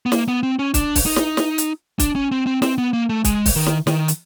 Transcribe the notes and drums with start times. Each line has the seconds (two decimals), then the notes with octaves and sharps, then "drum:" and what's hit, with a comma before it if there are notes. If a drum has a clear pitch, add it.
0.06 B3
0.12 A#3, drum: snare
0.28 B3
0.43 C4
0.59 C#4
0.74 D4, drum: kick, hi-hat
0.95 drum: kick, open hi-hat
1.06 D#4
1.16 drum: snare
1.37 drum: snare
1.58 drum: hi-hat
1.99 D4, drum: kick, hi-hat
2.16 C#4
2.32 C4
2.47 C4
2.62 C4, drum: snare
2.78 B3
2.93 A#3
3.09 A3
3.24 G#3, drum: kick, hi-hat
3.46 drum: kick, open hi-hat
3.56 D#3
3.66 drum: snare
3.87 D#3, drum: snare
4.08 drum: hi-hat